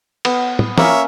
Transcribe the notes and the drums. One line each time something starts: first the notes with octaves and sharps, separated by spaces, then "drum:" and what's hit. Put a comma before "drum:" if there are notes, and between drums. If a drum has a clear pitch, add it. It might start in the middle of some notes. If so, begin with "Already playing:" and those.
B3, drum: cymbal
drum: tom
A#3 C#4 C#5 E5, drum: snare